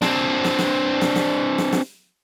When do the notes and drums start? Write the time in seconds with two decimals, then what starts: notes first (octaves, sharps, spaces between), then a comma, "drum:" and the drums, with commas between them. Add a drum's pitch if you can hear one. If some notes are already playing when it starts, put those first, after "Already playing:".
0.02 C4 D4, drum: snare
0.44 drum: snare
0.59 drum: snare
1.01 drum: snare
1.16 drum: snare
1.58 drum: snare
1.73 drum: snare